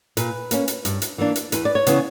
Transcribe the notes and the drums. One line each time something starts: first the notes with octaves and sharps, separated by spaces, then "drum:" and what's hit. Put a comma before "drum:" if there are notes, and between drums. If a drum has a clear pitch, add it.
A#2 B4, drum: hi-hat
A#3 C#4, drum: hi-hat
drum: hi-hat
G2, drum: hi-hat
drum: hi-hat
E3 A#3 D4
drum: hi-hat
E2 B4, drum: hi-hat
D5
C#5
C#3 E3 B3, drum: hi-hat